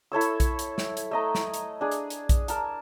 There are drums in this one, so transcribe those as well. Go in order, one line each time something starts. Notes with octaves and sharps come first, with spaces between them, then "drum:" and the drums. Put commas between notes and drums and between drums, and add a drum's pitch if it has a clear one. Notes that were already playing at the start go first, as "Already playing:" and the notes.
E4 A4 C#5 E6
drum: hi-hat
drum: kick A#1, hi-hat
drum: hi-hat
drum: snare
drum: hi-hat
A3 D#5 A#5
drum: snare
drum: hi-hat
D4 G#4
drum: hi-hat
drum: hi-hat
drum: kick A#1, hi-hat
A#4 A5, drum: hi-hat